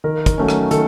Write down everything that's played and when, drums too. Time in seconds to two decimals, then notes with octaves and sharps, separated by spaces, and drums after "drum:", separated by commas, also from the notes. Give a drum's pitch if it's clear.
0.04 D#3 A#4
0.26 drum: kick, hi-hat
0.38 F#3 A3 C#4
0.49 drum: rim click
0.71 D#3 A4, drum: hi-hat